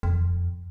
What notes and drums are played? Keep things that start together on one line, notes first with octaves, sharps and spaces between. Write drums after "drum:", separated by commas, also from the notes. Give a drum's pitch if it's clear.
F2, drum: kick D#2